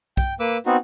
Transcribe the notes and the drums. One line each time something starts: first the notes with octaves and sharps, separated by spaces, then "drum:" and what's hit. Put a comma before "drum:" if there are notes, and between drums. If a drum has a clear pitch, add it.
G5, drum: kick
A#3 B4 D6 E6
B3 C4 D#4 F#4